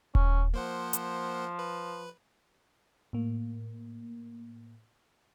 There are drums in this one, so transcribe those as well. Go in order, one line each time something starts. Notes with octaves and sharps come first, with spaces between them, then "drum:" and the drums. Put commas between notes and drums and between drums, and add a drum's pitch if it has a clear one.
C#4, drum: kick D#1
F3 A#3 C5 F#5
drum: hi-hat
B4
A2 A#3